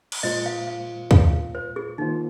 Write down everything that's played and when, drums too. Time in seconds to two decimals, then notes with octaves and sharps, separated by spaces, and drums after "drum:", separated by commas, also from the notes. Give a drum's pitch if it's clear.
0.12 drum: cymbal
0.23 A#2 G#3 F4 C5 D#5
0.46 F5
0.67 F5
1.11 F5, drum: kick
1.55 C5
1.76 G#4
1.98 D#3 A#3 D#4 F4 C5